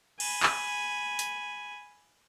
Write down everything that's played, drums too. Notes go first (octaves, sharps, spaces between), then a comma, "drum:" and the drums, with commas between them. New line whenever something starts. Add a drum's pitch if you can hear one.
G#5 B5, drum: cymbal
drum: clap
drum: hi-hat